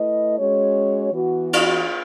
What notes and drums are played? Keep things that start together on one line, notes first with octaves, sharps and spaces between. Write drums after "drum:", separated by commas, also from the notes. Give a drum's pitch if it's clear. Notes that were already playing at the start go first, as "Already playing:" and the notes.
Already playing: A3 E4 B4 D#5
G#3 C#4 F#4 C#5
E3 B3 F#4
drum: cymbal